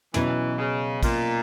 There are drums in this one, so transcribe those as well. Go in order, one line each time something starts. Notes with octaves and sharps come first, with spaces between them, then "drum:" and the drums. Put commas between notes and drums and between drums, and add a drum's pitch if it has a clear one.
B2 E3 F#3 C#4, drum: snare
C#3
A#2, drum: kick A1, cymbal